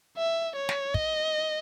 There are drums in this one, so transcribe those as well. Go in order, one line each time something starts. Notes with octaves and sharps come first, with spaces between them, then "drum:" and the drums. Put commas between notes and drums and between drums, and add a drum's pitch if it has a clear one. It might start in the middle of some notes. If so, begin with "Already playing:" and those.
E5
C#5
drum: snare
D#5, drum: kick